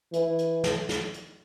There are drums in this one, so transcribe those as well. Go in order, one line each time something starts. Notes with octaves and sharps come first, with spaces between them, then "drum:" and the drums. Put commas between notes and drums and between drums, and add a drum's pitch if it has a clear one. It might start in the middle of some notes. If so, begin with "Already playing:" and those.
E3, drum: hi-hat
drum: hi-hat
drum: snare
drum: snare
drum: hi-hat